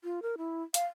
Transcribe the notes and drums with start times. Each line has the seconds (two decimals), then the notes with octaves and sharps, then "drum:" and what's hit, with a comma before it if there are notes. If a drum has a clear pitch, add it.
0.04 F4
0.22 A#4
0.38 E4
0.74 F5, drum: hi-hat